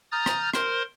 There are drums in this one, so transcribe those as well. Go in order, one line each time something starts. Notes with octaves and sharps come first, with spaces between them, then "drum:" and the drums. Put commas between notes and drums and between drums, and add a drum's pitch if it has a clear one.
A#5 D#6 F6 G6 A6
drum: rim click
A#4 C5 C6, drum: rim click